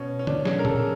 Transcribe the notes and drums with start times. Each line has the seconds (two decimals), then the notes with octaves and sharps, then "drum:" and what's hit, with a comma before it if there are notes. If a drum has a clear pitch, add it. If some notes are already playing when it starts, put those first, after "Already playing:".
Already playing: B2 C#4
0.19 C#4
0.27 D4, drum: tom
0.45 G#4, drum: snare
0.59 A#4
0.65 A4, drum: tom